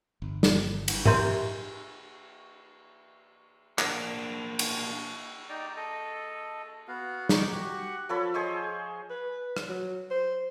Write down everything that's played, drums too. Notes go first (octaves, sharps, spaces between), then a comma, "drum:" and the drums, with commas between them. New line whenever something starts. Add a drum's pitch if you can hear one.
G1
drum: snare
drum: cymbal
G4 A#4 E5 A#5 C6 G6, drum: tom G#2
A#3 D4, drum: clap
drum: cymbal
D#4 D5 G5 A#5
A4 D#5
B3 F#4 F5
D#4 C#5 C#6 D6, drum: snare
F#4 G4 F#5 C#6
F3 A4 C#5 B5
G#4 C5 C#5 D#5
B4
drum: rim click
F#3
C5